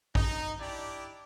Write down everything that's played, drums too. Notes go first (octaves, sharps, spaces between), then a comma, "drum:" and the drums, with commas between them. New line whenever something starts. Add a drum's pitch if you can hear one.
D#4, drum: kick
D4 E4 G4 D5